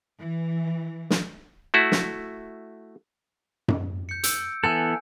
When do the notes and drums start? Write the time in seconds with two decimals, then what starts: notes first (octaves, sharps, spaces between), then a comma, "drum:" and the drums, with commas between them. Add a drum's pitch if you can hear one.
0.20 E3
1.10 drum: snare
1.74 A3 E4 F#4
1.92 drum: snare
3.68 drum: tom F#2
4.09 G6 C#7
4.23 E6 G6 D7, drum: hi-hat
4.64 E3 B3 A4 G#5 F#6